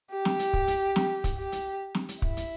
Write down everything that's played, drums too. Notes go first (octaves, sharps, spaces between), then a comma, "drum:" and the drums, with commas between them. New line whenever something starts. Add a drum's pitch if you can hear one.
G4
drum: snare
drum: hi-hat
drum: kick
drum: hi-hat
drum: snare
drum: kick, hi-hat
G4
drum: hi-hat
drum: snare
drum: hi-hat
E4, drum: kick
drum: hi-hat